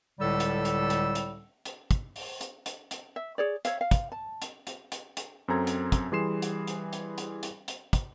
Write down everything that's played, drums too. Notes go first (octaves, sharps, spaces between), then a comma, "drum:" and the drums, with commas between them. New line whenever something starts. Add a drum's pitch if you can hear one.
C#2 A2 D3 G3 A4 E6
drum: hi-hat
drum: hi-hat
drum: hi-hat
drum: hi-hat
drum: hi-hat
drum: kick, hi-hat
drum: open hi-hat
drum: hi-hat
drum: hi-hat
drum: hi-hat
E5
G#4 C#5 D5
C#5 E5 F5, drum: hi-hat
F5
drum: kick, hi-hat
A5
drum: hi-hat
drum: hi-hat
drum: hi-hat
drum: hi-hat
F#2 C4 A4 A#5 G#6
drum: hi-hat
drum: kick, hi-hat
E3 G3 G#4 C6 C7 E7
drum: hi-hat
drum: hi-hat
drum: hi-hat
drum: hi-hat
drum: hi-hat
drum: hi-hat
drum: kick, hi-hat